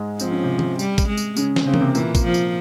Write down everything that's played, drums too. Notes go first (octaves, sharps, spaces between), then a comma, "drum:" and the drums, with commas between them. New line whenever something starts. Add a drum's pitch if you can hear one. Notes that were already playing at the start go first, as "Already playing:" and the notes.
Already playing: G#2 G#3
F3 C4, drum: tambourine
C#4
C3 C4
drum: tom
G3, drum: tambourine
drum: kick, tambourine
G#3
drum: tambourine
C#3 C#4, drum: tambourine
drum: snare
C#3 C4
A#3, drum: tom E3
C3 C4
A#2 E3 A#3, drum: tambourine
drum: kick, tambourine
F3
drum: tambourine